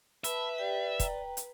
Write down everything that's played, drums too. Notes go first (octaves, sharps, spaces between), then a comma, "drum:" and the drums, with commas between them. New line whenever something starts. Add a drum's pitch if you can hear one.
B4 E5 A5 B5, drum: hi-hat
G4 D5 G5
G5 A#5, drum: kick, hi-hat
drum: hi-hat